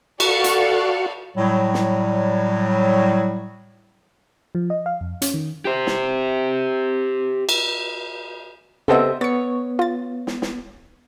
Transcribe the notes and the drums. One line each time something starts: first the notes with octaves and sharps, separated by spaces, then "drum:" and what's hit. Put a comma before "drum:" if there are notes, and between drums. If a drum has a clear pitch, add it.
F#4 A4 D5 F5 C#6, drum: cymbal
drum: hi-hat
A2 F#3 G3
drum: snare
F3
D#5
F5
F2
C#4, drum: hi-hat
D#3
G4 C5
drum: snare
drum: cymbal
C#3 B3 C4 G4 A4 C5 D#5 E5
B3 C#5 A6 C#7
F4 A6
drum: snare
drum: snare